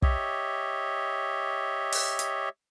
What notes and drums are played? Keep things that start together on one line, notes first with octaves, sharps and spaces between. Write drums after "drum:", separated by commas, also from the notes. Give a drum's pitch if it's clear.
G4 C#5 D#5 E5, drum: kick
drum: open hi-hat
drum: hi-hat